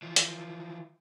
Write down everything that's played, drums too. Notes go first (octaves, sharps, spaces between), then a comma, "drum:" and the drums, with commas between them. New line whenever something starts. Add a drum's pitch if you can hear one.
E3 F3
drum: hi-hat